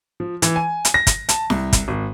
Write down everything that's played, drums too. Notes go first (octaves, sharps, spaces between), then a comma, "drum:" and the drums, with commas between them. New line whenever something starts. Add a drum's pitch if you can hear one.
F3
E3, drum: hi-hat
G#5
drum: hi-hat
A#6
drum: kick, hi-hat
A5, drum: hi-hat
C2, drum: snare E4
drum: kick, hi-hat
G#1